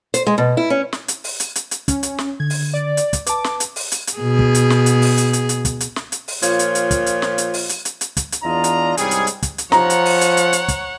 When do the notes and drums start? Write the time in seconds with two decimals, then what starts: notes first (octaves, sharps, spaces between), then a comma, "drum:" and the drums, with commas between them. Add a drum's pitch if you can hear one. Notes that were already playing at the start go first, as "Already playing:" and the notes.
0.14 C5, drum: hi-hat
0.27 G#3
0.38 B2
0.57 E4
0.70 C#4
0.93 drum: snare
1.08 drum: hi-hat
1.24 drum: open hi-hat
1.40 drum: hi-hat
1.56 drum: hi-hat
1.71 drum: hi-hat
1.88 C#4, drum: kick, hi-hat
2.03 drum: hi-hat
2.18 drum: snare
2.40 D3 G#6
2.50 drum: open hi-hat
2.74 D5
2.97 drum: hi-hat
3.13 drum: kick, hi-hat
3.27 B4 A5 D6, drum: hi-hat
3.44 drum: snare
3.60 drum: hi-hat
3.76 drum: open hi-hat
3.92 drum: hi-hat
4.07 drum: hi-hat
4.18 B2 G#4
4.39 drum: kick
4.55 drum: hi-hat
4.70 drum: snare
4.86 drum: hi-hat
5.02 drum: open hi-hat
5.18 drum: hi-hat
5.33 drum: hi-hat
5.49 drum: hi-hat
5.65 drum: kick, hi-hat
5.81 drum: hi-hat
5.96 drum: snare
6.12 drum: hi-hat
6.28 drum: open hi-hat
6.42 A#2 F3 F4 C#5, drum: hi-hat
6.59 drum: hi-hat
6.75 drum: hi-hat
6.91 drum: kick, hi-hat
7.06 drum: hi-hat
7.22 drum: snare
7.38 drum: hi-hat
7.54 drum: open hi-hat
7.69 drum: hi-hat
7.85 drum: hi-hat
8.01 drum: hi-hat
8.17 drum: kick, hi-hat
8.32 drum: hi-hat
8.43 E2 D4 F4 D5 D#5 A#5
8.64 drum: hi-hat
8.97 C2 G#2 G3 G#3 C#4 G#4, drum: hi-hat
9.11 drum: hi-hat
9.27 drum: hi-hat
9.43 drum: kick, hi-hat
9.58 drum: hi-hat
9.72 F3 C#5 F#5 A#5, drum: snare
9.90 drum: hi-hat
10.05 drum: open hi-hat
10.21 drum: hi-hat
10.37 drum: hi-hat
10.53 drum: hi-hat
10.68 drum: kick, hi-hat